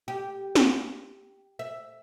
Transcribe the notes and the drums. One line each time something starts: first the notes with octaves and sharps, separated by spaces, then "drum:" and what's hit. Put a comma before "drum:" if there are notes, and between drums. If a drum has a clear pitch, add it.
G4
drum: snare
E5